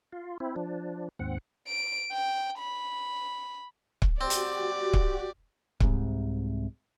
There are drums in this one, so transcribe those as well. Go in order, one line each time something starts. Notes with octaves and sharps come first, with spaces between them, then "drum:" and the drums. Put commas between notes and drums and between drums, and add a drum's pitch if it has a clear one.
F4
C4 E4
F3 D4
D#2 G#2 C4 F#5
D7
G5
B5
drum: kick C#1
C4 F#4 G4 D5
drum: hi-hat
drum: kick C#1
C2 G#2 C3, drum: kick C#1